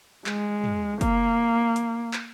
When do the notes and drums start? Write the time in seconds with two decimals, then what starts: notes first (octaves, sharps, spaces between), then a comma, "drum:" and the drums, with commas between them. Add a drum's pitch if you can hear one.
0.26 G#3, drum: clap
0.64 drum: tom
1.01 A#3, drum: kick, hi-hat
1.76 drum: hi-hat
2.13 drum: clap